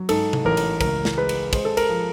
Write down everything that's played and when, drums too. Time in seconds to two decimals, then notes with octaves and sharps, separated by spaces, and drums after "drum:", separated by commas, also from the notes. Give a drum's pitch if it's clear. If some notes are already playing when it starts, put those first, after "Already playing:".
Already playing: F#3
0.09 G#2 A4, drum: cymbal
0.33 drum: tom C3
0.45 A1 A#4
0.57 drum: cymbal
0.81 C#2 A#4, drum: kick, cymbal
1.05 drum: snare
1.17 G#3 B4
1.29 drum: cymbal
1.53 G#3 C5, drum: kick, cymbal
1.65 A4
1.77 A#4, drum: cymbal
1.89 F3